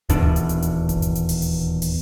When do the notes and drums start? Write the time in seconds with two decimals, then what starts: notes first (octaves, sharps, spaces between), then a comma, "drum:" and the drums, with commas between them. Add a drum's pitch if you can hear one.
0.09 D#1 E2 B2 D4, drum: hi-hat
0.23 drum: tom D2
0.36 drum: hi-hat
0.49 drum: hi-hat
0.62 drum: hi-hat
0.89 drum: kick G1, hi-hat
1.02 drum: hi-hat
1.15 drum: hi-hat
1.29 drum: open hi-hat
1.42 drum: hi-hat
1.82 drum: open hi-hat